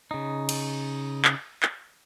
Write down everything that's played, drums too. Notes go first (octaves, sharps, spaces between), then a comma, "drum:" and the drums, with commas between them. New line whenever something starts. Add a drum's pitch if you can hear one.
C#3 D#4
drum: cymbal
drum: clap
drum: clap